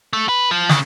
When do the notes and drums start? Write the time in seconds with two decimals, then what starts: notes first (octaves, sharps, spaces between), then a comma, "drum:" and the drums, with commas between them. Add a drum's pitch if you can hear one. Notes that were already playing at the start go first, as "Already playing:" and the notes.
0.13 A3
0.29 B4
0.51 F3
0.69 C#3, drum: snare